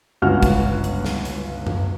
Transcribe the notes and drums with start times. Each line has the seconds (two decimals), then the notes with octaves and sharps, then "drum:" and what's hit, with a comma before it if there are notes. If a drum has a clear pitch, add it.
0.22 G1 C#2 F#4 F#5 F6
0.43 drum: kick, hi-hat
0.84 drum: hi-hat
1.05 drum: snare
1.25 drum: hi-hat
1.67 drum: tom F#2